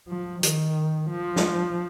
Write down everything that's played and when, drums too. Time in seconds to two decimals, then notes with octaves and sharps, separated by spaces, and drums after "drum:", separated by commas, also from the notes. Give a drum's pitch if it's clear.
0.09 F3
0.43 D#3, drum: hi-hat
1.10 F3
1.36 drum: snare